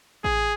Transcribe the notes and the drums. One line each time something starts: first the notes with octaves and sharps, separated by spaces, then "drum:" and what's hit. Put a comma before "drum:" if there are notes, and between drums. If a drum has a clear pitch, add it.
G#4, drum: kick A1